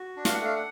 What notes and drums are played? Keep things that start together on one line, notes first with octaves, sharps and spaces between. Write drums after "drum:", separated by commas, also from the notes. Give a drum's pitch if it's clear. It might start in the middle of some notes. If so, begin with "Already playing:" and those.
Already playing: F#4
D4
F5, drum: snare
F#5
A3 F5
F#5